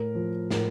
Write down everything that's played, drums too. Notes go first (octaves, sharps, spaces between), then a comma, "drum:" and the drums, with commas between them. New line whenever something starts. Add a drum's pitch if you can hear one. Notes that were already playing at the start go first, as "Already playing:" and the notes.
Already playing: A2 A#4
F3
A2 A#4, drum: snare